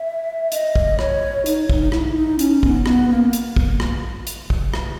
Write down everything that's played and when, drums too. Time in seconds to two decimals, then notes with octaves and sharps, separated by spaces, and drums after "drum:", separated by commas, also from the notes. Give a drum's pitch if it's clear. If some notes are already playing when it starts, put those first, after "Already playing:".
Already playing: E5
0.52 D#5, drum: hi-hat
0.76 drum: kick
0.99 C#5, drum: rim click
1.46 D#4, drum: hi-hat
1.69 D#4, drum: kick
1.83 D#4
1.92 E4, drum: rim click
2.16 D#4
2.39 C#4, drum: hi-hat
2.63 B3, drum: kick
2.86 B3, drum: rim click
3.10 A#3
3.33 drum: hi-hat
3.56 drum: kick
3.80 drum: rim click
4.27 drum: hi-hat
4.50 drum: kick
4.74 drum: rim click